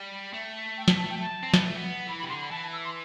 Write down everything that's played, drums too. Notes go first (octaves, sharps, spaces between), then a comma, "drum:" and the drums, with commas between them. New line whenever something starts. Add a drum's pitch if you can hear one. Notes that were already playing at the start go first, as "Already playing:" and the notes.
Already playing: G3
A3
G5
A5, drum: snare
A5
G5
A5
C4
B3, drum: snare
A3
B3
E3 B5
B5
C3
D3 C6
B5
E3 A5
A5
E6
C6